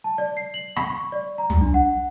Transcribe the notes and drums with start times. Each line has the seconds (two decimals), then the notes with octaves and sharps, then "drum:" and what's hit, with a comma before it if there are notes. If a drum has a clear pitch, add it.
0.04 A5
0.18 D5
0.37 C7
0.54 F#7
0.76 B5, drum: rim click
0.90 C#6
1.12 D5
1.38 A#5
1.50 drum: tom
1.61 D4
1.74 F#5